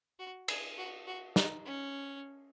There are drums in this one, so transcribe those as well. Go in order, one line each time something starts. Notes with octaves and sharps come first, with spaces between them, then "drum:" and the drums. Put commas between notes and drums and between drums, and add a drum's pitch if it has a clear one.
F#4
G#4, drum: cymbal
F#4
F#4
D#4, drum: snare
C#4